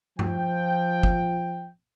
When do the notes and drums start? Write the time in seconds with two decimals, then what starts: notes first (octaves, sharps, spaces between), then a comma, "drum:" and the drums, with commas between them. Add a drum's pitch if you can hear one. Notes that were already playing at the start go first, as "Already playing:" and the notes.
0.19 F3 G5, drum: tom G2
1.03 drum: kick